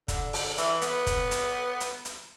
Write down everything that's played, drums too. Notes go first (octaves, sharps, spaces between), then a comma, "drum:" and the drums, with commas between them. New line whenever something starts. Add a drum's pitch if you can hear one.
D3, drum: kick, hi-hat
D3, drum: open hi-hat
E3, drum: hi-hat
B3, drum: hi-hat
drum: kick, hi-hat
drum: hi-hat
drum: hi-hat
drum: hi-hat